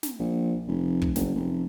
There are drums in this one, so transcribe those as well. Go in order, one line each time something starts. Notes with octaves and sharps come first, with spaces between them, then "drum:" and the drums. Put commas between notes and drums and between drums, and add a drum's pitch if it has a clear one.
drum: snare
A#1
F1
drum: kick
F#1, drum: snare
F1